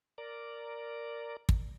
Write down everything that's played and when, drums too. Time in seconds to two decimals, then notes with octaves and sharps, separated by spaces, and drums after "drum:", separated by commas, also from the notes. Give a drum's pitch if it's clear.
0.18 A#4 D5
1.49 drum: kick